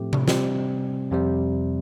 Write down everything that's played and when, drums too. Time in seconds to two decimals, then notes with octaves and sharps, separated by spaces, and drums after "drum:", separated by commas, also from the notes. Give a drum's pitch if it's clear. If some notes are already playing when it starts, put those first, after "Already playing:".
Already playing: A2 F3 A3 C4 G4
0.13 drum: tom C3
0.28 C3 G3 C4, drum: snare
1.11 F2 C3 G3